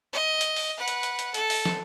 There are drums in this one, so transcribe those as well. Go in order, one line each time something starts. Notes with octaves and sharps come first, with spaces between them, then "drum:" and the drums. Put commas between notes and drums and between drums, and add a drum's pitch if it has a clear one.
D#5
drum: hi-hat
drum: open hi-hat
B4 F#5
drum: hi-hat
drum: hi-hat
drum: hi-hat
A4, drum: hi-hat
drum: open hi-hat
drum: snare